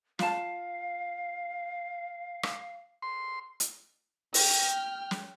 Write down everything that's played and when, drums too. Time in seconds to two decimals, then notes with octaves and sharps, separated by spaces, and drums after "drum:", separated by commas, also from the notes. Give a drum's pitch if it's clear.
0.19 F4 F5 A5, drum: snare
2.43 drum: rim click
3.02 C6
3.60 drum: hi-hat
4.34 G5 F6, drum: open hi-hat
5.11 drum: snare